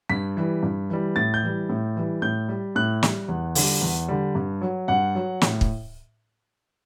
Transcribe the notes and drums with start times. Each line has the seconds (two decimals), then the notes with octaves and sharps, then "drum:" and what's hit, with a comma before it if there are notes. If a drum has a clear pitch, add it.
0.09 G2 B6
0.37 E3 G3
0.63 G2
0.90 E3 G3
1.16 A2 A6
1.34 G6
1.43 E3 G3
1.69 A2
1.97 E3 G3
2.22 A2 G6
2.49 G3
2.76 A2 F#6
3.03 G3, drum: snare
3.28 E2
3.55 D3 G3, drum: open hi-hat
3.81 E2
4.08 D3 G3
4.35 G2
4.61 F#3
4.88 G2 F#5
5.15 F#3
5.41 A2, drum: snare
5.61 drum: kick